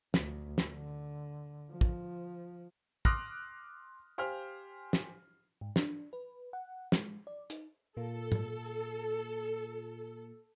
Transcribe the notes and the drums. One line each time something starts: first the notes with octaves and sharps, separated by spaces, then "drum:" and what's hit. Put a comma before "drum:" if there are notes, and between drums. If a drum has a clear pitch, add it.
D2, drum: snare
drum: snare
D3
F3
drum: kick
C6 D6 D#6 F6 F#6 A#6, drum: kick
G4 C5 F5 G#5 F6
drum: snare
G#2
D4, drum: snare
B4
F#5
G#3, drum: snare
D5
D#4, drum: hi-hat
A#2 A#3 F4 A4
drum: tom